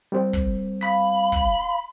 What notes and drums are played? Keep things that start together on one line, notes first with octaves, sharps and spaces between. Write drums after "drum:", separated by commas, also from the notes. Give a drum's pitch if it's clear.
G3 C4
drum: kick
F5 B5
drum: kick